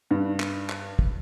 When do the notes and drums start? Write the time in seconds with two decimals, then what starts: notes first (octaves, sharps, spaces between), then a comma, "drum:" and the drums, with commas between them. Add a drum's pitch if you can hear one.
0.11 G2
0.40 drum: clap
0.69 drum: clap
0.99 drum: kick